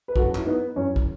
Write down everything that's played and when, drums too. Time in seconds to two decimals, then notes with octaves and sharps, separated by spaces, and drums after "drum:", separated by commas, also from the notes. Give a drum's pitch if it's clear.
0.08 B4
0.16 F#2 E3 F#4 A4, drum: kick
0.35 E4, drum: clap
0.46 B3 D#4
0.76 F#2 E3 C#4
0.96 drum: kick